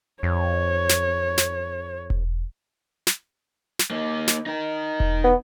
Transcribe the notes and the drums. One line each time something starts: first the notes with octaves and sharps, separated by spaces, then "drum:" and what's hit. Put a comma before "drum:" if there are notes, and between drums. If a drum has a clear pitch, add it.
F2 C#5
drum: snare
drum: snare
drum: kick E1
drum: snare
drum: snare
A#3 D#4
drum: snare
D#4 A#4
drum: kick E1
B3